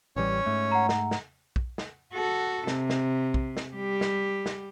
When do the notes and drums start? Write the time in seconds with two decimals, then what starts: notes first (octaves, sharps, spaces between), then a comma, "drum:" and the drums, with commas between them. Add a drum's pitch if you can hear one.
0.16 A1 E3 G3 C#4 C#5
0.46 G#2 A3
0.72 F#5 A#5
0.89 drum: snare
1.11 drum: snare
1.56 drum: kick
1.78 drum: snare
2.14 F#4 A4
2.67 C3, drum: snare
2.90 drum: snare
3.34 drum: kick
3.57 drum: snare
3.74 G3 G4
4.01 drum: snare
4.46 drum: snare